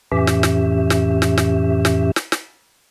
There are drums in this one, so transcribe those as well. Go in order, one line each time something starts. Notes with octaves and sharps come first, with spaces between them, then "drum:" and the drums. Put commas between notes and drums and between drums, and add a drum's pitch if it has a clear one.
F2 A2 E3 C#4 G4 E5
drum: snare
drum: snare
drum: snare
drum: snare
drum: snare
drum: snare
drum: snare
drum: snare